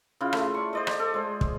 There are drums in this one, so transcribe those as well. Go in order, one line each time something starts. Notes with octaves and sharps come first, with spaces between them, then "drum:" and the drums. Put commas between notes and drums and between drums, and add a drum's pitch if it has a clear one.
C#3 E4 F4
A3 C6, drum: rim click
D5 C#6
C5 D5 D#5
drum: rim click
A4
G#3 C5
drum: kick